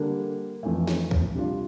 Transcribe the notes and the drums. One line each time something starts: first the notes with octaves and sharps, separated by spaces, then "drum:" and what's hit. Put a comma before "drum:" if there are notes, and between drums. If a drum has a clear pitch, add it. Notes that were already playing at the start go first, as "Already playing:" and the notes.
Already playing: D3 G3 A#3 D4
F2 E3 A3
drum: snare
drum: kick
C3 G3 D4 F4